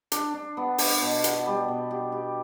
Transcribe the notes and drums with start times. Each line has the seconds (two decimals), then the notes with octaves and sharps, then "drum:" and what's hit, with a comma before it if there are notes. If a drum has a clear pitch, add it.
0.12 D4, drum: hi-hat
0.34 D4
0.57 B3
0.78 D4, drum: open hi-hat
1.02 B2
1.24 B3, drum: hi-hat
1.46 G3
1.68 B2
1.91 G4
2.12 G4